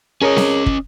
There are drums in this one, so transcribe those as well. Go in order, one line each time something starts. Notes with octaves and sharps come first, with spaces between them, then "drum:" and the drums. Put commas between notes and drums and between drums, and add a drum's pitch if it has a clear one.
C#4 G#4 A#4 C#5 D#5
drum: snare C4
drum: kick